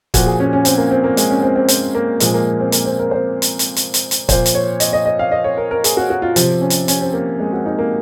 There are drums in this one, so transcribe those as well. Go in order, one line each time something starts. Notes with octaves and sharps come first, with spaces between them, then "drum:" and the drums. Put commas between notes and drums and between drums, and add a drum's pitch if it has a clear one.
A#2 F3 F#4, drum: kick, hi-hat
G#4
C#4
C#4
C4, drum: hi-hat
A#3
C4
A#3
G#3, drum: hi-hat
C#4
C4
C4
C4, drum: hi-hat
A#3
A#2 F3 G#3, drum: hi-hat
A#3
C4
A#3, drum: hi-hat
C4
A#4
C5
drum: hi-hat
drum: hi-hat
drum: hi-hat
drum: hi-hat
drum: hi-hat
A#2 F3 C5, drum: kick, hi-hat
drum: hi-hat
C#5
D#5, drum: hi-hat
D#5
D#5
F5
D#5
C#5
A#4
A#4
G#4, drum: hi-hat
F#4
F#4
F4
C3 F3, drum: hi-hat
C#4
drum: hi-hat
C#4, drum: hi-hat
C4
A#3
G#3
F#4
D#4
A#3